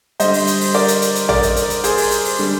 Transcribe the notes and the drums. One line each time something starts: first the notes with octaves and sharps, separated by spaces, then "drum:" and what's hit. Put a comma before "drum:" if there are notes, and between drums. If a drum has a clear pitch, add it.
D3 G3 C5 D#5, drum: hi-hat
drum: open hi-hat
drum: hi-hat
drum: open hi-hat
A#4 D5
drum: hi-hat
drum: hi-hat
drum: hi-hat
A#4 D5, drum: tom A1
drum: hi-hat
drum: hi-hat
drum: hi-hat
G#4 C5, drum: hi-hat
drum: open hi-hat
drum: hi-hat
drum: open hi-hat
D3 G3